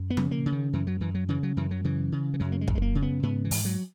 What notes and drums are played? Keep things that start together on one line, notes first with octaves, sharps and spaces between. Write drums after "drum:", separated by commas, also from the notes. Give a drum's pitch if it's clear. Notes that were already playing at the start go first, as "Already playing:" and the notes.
Already playing: F#2
B3
C#3, drum: tom F3
A#3
C#3
D#3
F#2 E3
F#3
F#2 E3
F#3
C#3 E3
F#3
F#2 E3
F#3
C#3 E3
C#3
E3
F#2 F#3
A#3
G#3
F#2, drum: kick
G#3
A#3
C#3
B3
G#2 B3
E3
G#2, drum: open hi-hat
F#3